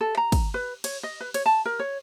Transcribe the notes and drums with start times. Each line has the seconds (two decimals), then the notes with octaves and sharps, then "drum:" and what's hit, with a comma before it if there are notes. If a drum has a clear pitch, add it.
0.01 A4
0.17 A#5
0.32 drum: kick, cymbal
0.54 B4
0.84 C#5, drum: cymbal
1.03 D#5
1.20 B4
1.34 C#5, drum: cymbal
1.46 A5
1.65 A#4
1.79 C#5